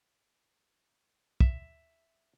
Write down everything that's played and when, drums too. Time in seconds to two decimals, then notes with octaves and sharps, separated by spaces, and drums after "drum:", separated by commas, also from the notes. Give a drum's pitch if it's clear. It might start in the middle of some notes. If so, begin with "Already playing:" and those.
1.40 E5, drum: kick